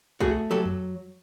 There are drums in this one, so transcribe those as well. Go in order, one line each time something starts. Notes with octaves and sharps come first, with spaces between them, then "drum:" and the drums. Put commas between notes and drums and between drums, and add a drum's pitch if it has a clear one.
A3 F#4 G#4, drum: kick
F#3 G4 A4
drum: tom F2